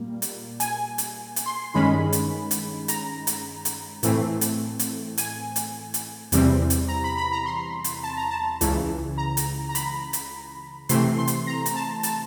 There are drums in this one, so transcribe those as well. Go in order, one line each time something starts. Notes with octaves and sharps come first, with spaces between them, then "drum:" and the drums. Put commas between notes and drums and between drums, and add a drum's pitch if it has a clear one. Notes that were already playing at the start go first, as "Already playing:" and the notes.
Already playing: A#2 G3 A#3
drum: hi-hat
G#5, drum: hi-hat
drum: hi-hat
drum: hi-hat
C6
G2 D#3 G#3 C#4 B5
drum: hi-hat
drum: hi-hat
A#5, drum: hi-hat
drum: hi-hat
drum: hi-hat
A2 E3 A3 C4, drum: hi-hat
drum: hi-hat
drum: hi-hat
G#5, drum: hi-hat
drum: hi-hat
drum: hi-hat
E2 C3 E3 G3 C4, drum: hi-hat
drum: hi-hat
A#5
B5
B5
A#5
C6
drum: hi-hat
A5
A#5
A5
C#2 C#3 E3, drum: hi-hat
A#5
drum: hi-hat
A#5
B5, drum: hi-hat
drum: hi-hat
C3 E3 A3 C4 C6, drum: hi-hat
C6
drum: hi-hat
A#5
drum: hi-hat
A5
A5, drum: hi-hat